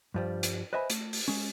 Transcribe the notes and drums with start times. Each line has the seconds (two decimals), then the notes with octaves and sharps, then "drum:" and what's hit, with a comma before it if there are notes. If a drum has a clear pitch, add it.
0.14 G2 F3 G3
0.43 drum: hi-hat
0.73 B4 C5 D#5 E5 G#5 B5
0.90 A3, drum: hi-hat
1.13 drum: open hi-hat
1.28 G#3 C#4